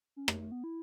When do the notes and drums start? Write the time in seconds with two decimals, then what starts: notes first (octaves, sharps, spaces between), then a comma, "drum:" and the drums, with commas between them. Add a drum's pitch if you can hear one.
0.16 C#4
0.28 A3, drum: rim click
0.40 A3
0.52 B3
0.64 E4